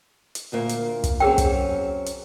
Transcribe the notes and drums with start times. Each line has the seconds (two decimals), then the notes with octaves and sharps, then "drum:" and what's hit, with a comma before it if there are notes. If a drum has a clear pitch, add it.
0.35 drum: hi-hat
0.52 D2 A#2 A#3
0.69 drum: hi-hat
1.04 drum: kick, hi-hat
1.20 F#3 C4 C#4 G#4 A#4 G5
1.38 drum: kick, hi-hat
2.06 drum: hi-hat